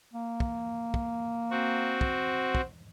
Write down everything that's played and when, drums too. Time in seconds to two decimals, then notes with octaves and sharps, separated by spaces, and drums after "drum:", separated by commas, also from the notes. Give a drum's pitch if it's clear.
0.14 A#3
0.40 drum: kick
0.94 drum: kick
1.51 C4 F#4
2.01 drum: kick
2.55 drum: kick